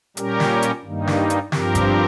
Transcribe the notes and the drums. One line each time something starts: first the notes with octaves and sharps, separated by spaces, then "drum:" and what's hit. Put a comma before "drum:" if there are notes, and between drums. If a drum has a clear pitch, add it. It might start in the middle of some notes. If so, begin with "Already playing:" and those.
A#2 G3 C#4 G4 A#4, drum: hi-hat
drum: snare
drum: hi-hat
G2 D#3 G3 A#3 D#4
drum: snare
drum: hi-hat
G2 F3 C4 G4 A#4, drum: snare
drum: kick G#1, hi-hat